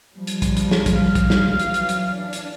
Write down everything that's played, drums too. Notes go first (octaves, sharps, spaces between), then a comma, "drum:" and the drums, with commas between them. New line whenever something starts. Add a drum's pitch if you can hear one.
F3 G3
drum: hi-hat
drum: kick, hi-hat
drum: hi-hat
drum: snare
drum: kick, hi-hat
F5
drum: kick, hi-hat
drum: snare
E3 F#3, drum: hi-hat
drum: hi-hat
drum: hi-hat
D4
drum: hi-hat